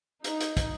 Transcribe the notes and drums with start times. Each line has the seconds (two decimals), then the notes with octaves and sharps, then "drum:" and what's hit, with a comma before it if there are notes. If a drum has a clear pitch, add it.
0.24 D#4, drum: hi-hat
0.40 drum: hi-hat
0.57 drum: kick, hi-hat